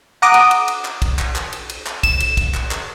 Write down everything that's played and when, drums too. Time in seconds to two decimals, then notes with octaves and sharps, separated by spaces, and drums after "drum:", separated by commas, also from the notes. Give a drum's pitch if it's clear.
0.22 F#5 A#5 D6 D#6
0.34 drum: cymbal
0.51 drum: cymbal
0.68 drum: cymbal
0.85 drum: clap
1.02 drum: kick, cymbal
1.19 drum: clap
1.36 drum: clap
1.53 drum: cymbal
1.70 drum: cymbal
1.86 drum: clap
2.03 E7, drum: kick, cymbal
2.20 drum: cymbal
2.37 drum: kick, cymbal
2.54 drum: clap
2.71 drum: clap